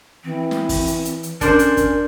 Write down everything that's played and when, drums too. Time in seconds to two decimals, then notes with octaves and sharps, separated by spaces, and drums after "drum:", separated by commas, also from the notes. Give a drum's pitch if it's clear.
0.24 E3 C4
0.51 drum: snare
0.69 drum: kick, open hi-hat
0.87 drum: hi-hat
1.05 drum: hi-hat
1.23 drum: hi-hat
1.41 C#4 D4 A#4 C5, drum: kick, hi-hat
1.59 drum: hi-hat
1.77 drum: kick, hi-hat